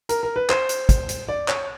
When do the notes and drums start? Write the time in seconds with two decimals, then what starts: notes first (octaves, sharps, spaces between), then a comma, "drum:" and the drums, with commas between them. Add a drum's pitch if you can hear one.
0.09 A#4, drum: hi-hat
0.23 A#4
0.36 B4
0.49 C5, drum: clap
0.69 drum: hi-hat
0.89 drum: kick, hi-hat
1.09 drum: hi-hat
1.29 D5
1.48 C#5, drum: clap